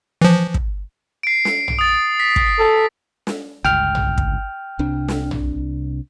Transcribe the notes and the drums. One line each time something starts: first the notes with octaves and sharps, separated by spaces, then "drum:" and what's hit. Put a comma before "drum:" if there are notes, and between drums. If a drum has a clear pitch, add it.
E3 F3
drum: kick
C7 D7
drum: snare
drum: tom
D#6 A6
B6
drum: kick
A4
drum: snare
G1 C#2 G5 F6
drum: tom
drum: kick
C2 C3 D4
drum: snare
drum: tom